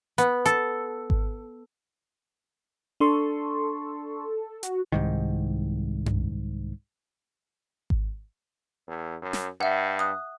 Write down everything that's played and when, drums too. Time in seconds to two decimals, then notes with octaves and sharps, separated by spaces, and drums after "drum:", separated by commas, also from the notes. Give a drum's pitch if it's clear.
0.18 B3, drum: hi-hat
0.46 A4, drum: hi-hat
1.10 drum: kick G#1
3.00 D4 A4 C6 C#6
4.63 F#4, drum: hi-hat
4.92 C2 G#2 D#3
6.06 drum: tom F#2
7.90 drum: kick G#1
8.87 E2
9.22 F#2
9.33 drum: snare
9.61 G2 E5 F#5
9.99 D#6 F#6